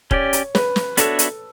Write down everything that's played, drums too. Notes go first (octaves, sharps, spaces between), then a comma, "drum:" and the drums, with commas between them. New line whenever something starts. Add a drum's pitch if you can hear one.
C#4 G4 C#5 D5, drum: kick
drum: hi-hat
B4, drum: snare
drum: snare
B3 D4 F#4 A4 C#5 E5, drum: hi-hat
drum: hi-hat